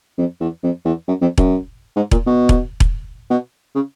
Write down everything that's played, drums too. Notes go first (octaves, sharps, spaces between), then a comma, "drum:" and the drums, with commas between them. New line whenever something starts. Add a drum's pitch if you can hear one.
F2
E2
F2
E2
F#2
F2
F#2, drum: kick E1
G#2
A#2, drum: kick E1
B2
drum: kick E1
drum: kick E1
B2
C#3